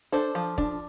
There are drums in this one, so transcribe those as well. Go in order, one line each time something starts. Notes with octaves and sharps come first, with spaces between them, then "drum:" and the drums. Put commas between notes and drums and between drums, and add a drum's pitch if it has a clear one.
D4 A4 C5
F3
D4, drum: kick